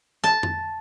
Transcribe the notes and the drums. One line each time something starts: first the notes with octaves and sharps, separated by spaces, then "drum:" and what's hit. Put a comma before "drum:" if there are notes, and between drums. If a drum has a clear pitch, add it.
A5
drum: tom F2